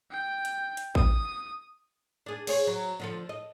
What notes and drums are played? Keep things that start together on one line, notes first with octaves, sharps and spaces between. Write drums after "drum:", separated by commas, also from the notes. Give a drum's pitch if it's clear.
G5
drum: hi-hat
drum: hi-hat
D#6, drum: kick A1
D4 G#4
G#4 C5 C#5, drum: cymbal
F#3
D3 F3 A4
D#5